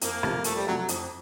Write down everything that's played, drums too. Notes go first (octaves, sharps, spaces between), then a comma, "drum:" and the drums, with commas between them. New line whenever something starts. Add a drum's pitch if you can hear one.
F2 A#3, drum: hi-hat
C3 F3 A3, drum: rim click
F2 A3, drum: hi-hat
G3
C3 F3 F#3 A3
F#3
F2, drum: hi-hat